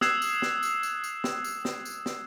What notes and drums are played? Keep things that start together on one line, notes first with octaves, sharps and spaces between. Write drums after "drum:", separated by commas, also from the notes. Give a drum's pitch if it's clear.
D#6 E6 F#6 G#6 C7 E7, drum: snare
drum: tambourine
drum: snare
drum: tambourine
drum: tambourine
drum: tambourine
drum: snare
drum: tambourine
drum: snare
drum: tambourine
drum: snare